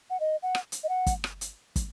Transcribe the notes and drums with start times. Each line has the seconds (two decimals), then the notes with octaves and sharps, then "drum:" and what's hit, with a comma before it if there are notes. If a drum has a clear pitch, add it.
0.10 F#5
0.20 D#5
0.43 F#5
0.55 drum: rim click
0.72 drum: hi-hat
0.84 D#5
0.89 F#5
1.06 drum: kick, hi-hat
1.24 drum: rim click
1.41 drum: hi-hat
1.76 drum: kick, hi-hat